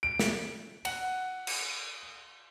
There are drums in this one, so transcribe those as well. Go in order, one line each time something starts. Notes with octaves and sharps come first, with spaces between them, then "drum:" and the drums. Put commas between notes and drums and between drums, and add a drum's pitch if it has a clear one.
D7
drum: snare
F#5, drum: cymbal
drum: cymbal